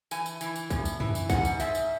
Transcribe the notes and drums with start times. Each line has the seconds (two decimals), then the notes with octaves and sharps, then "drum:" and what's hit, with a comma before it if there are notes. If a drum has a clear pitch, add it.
0.11 E3 G#5, drum: tambourine
0.26 drum: tambourine
0.41 E3, drum: tambourine
0.56 drum: tambourine
0.70 A2, drum: kick, tambourine
0.85 drum: tambourine
1.00 E3, drum: tom
1.15 drum: tambourine
1.30 G#2 F#5, drum: kick, tambourine
1.45 drum: tambourine
1.60 G#2 E5, drum: tambourine
1.75 drum: tambourine